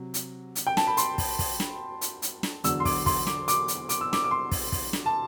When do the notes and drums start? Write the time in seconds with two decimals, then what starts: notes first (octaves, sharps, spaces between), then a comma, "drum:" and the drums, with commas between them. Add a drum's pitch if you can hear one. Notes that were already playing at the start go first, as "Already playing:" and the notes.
Already playing: C3 F#3
0.14 drum: hi-hat
0.56 drum: hi-hat
0.67 G5
0.77 A5, drum: snare
0.87 B5
0.97 C6, drum: hi-hat
1.18 drum: kick, open hi-hat
1.39 drum: kick, open hi-hat
1.60 drum: snare
2.01 drum: hi-hat
2.22 drum: hi-hat
2.43 drum: snare
2.64 E2 D3 F#3 E6, drum: hi-hat
2.80 C6
2.85 D6, drum: kick, open hi-hat
3.06 C6, drum: kick, open hi-hat
3.27 D6, drum: snare
3.48 D6, drum: hi-hat
3.68 drum: hi-hat
3.89 D6, drum: hi-hat
4.01 E6
4.13 D6, drum: snare
4.24 D6
4.31 C6
4.51 drum: kick, open hi-hat
4.72 drum: kick, open hi-hat
4.93 drum: snare
5.06 A5